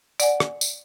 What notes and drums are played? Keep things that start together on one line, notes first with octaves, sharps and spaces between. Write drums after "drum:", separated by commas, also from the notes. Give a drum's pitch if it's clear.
D5 F#5 G#5, drum: tambourine
drum: rim click
drum: tambourine